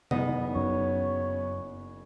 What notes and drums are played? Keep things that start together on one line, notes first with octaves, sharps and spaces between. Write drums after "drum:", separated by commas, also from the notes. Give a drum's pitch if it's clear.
F#1 B3 D#4 D#5, drum: tom C3
F#2 C#5